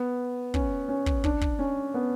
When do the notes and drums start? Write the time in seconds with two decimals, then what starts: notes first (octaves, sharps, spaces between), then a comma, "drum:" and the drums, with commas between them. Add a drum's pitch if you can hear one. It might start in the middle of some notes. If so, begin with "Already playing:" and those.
Already playing: B3
0.54 C#4, drum: kick
0.88 C#4
1.06 drum: kick
1.24 D4, drum: kick
1.41 drum: kick
1.59 C#4
1.94 B3